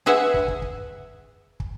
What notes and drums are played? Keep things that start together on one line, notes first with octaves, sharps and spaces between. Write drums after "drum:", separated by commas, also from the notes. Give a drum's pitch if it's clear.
G#4 B4 E5 F#5 G#5
drum: kick
drum: kick
drum: kick
drum: kick